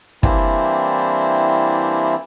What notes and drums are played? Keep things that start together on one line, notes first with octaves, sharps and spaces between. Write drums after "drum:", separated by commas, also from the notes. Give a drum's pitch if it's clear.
E3 G3 A#3 C4 D4 E4, drum: kick